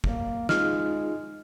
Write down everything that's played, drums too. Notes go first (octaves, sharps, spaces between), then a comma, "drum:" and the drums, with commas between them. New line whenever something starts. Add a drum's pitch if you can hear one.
A#3, drum: kick
G#3 D#4 F4 G#4 F6, drum: snare